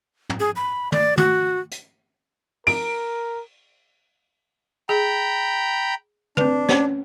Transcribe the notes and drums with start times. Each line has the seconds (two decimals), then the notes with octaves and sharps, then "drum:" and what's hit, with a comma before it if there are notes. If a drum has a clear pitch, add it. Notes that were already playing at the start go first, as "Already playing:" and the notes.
0.29 drum: tom
0.40 G#4
0.56 B5
0.92 D5, drum: tom
1.17 F#4, drum: tom
1.71 drum: hi-hat
2.67 A#4 D7, drum: open hi-hat
4.89 G#4 G5 A#5 B5
6.37 C4 D4 B4, drum: tom
6.69 C#4 C#5, drum: snare